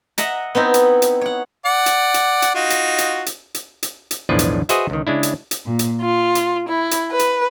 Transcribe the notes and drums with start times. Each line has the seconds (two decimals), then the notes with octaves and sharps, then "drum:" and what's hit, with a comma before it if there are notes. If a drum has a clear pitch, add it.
0.18 D#5 E5 F#5 A#5, drum: hi-hat
0.55 B3 C4 D#4 E4
0.74 drum: hi-hat
1.02 drum: hi-hat
1.21 C#5 F#5
1.65 D5 F#5
1.86 drum: hi-hat
2.14 drum: hi-hat
2.42 drum: hi-hat
2.55 D#4 F4 F#4
2.70 drum: hi-hat
2.98 drum: hi-hat
3.26 drum: hi-hat
3.54 drum: hi-hat
3.83 drum: hi-hat
4.11 drum: hi-hat
4.29 B1 E2 A2 F3 D4 B4
4.39 drum: hi-hat
4.69 F#4 G#4 B4 C5 D#5 E5, drum: hi-hat
4.90 C#2 D#3
5.07 C#3 G#3 D4 E4
5.23 drum: hi-hat
5.51 drum: hi-hat
5.65 A#2
5.79 drum: hi-hat
5.99 F4
6.35 drum: hi-hat
6.67 E4
6.91 drum: hi-hat
7.10 B4
7.19 drum: hi-hat